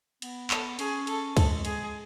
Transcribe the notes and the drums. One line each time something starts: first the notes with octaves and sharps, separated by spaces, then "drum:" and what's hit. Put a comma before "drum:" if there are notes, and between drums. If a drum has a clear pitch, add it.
B3, drum: cymbal
A4, drum: clap
C#4 G#4, drum: cymbal
A4, drum: cymbal
G#3 A4, drum: kick, cymbal
G#4, drum: cymbal